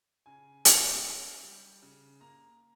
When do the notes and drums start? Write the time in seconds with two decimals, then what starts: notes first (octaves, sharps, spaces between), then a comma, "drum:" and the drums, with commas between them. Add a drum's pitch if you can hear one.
0.26 C#3 G#5
0.65 C#3, drum: hi-hat
1.04 C#4
1.43 G3
1.82 C#3
2.21 A#3 A#5